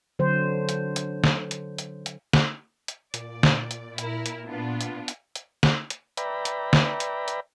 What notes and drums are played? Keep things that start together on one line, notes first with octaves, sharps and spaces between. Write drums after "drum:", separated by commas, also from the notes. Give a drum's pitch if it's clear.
D3 F#3 C5
drum: hi-hat
drum: hi-hat
drum: snare
drum: hi-hat
drum: hi-hat
drum: hi-hat
drum: snare
drum: hi-hat
A#2 D5, drum: hi-hat
drum: snare
drum: hi-hat
E4 A#4, drum: hi-hat
drum: hi-hat
B3 D4 F4
drum: hi-hat
drum: hi-hat
drum: hi-hat
drum: snare
drum: hi-hat
B4 D5 E5 G5 A#5 B5, drum: hi-hat
drum: hi-hat
drum: snare
drum: hi-hat
drum: hi-hat